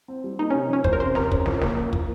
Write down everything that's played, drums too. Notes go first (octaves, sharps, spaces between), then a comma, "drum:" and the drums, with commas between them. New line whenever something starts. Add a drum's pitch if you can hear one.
C4
G3
A#3 D#4
C3 C#4
F3 C#4
F3 C5, drum: kick
A#4
C3 C5
C#4 A#4, drum: snare
C#4, drum: kick
F3, drum: snare
A#3, drum: snare
A#3
F3, drum: kick